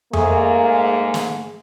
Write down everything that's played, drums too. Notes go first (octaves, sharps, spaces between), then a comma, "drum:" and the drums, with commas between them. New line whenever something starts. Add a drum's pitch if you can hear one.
G#2 A3 A#3 G#4, drum: tom F2
drum: snare